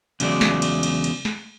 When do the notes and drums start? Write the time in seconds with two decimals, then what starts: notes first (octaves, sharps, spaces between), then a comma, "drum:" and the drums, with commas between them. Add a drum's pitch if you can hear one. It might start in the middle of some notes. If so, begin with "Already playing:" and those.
0.20 E2 C#3 F#3 G#3 D5, drum: cymbal
0.41 drum: snare
0.62 drum: cymbal
0.83 drum: cymbal
1.04 drum: cymbal
1.25 drum: snare